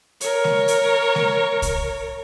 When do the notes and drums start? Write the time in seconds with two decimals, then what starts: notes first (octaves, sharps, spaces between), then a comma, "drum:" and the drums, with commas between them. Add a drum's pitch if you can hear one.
0.21 A#4 C#5, drum: hi-hat
0.44 drum: snare G#3
0.68 drum: hi-hat
1.15 drum: snare G#3
1.62 drum: kick C2, hi-hat